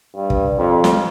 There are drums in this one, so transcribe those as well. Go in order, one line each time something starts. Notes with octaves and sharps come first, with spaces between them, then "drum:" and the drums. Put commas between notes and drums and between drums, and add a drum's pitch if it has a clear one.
G2
drum: kick
F2
drum: snare